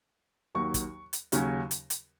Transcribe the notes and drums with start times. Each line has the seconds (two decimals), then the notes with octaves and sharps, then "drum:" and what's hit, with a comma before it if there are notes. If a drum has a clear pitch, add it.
0.55 D#2 D#3 F#3 C#6
0.74 drum: kick, hi-hat
1.13 drum: hi-hat
1.32 D#2 C#3 F#3 C#4, drum: hi-hat
1.71 drum: hi-hat
1.90 drum: hi-hat